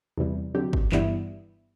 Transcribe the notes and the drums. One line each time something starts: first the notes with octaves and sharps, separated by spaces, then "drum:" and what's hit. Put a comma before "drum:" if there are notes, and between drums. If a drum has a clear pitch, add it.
E2 C3 E3 G3
D3 F#3 C4 G4
drum: kick
G2 E3 G3 B3 E4, drum: clap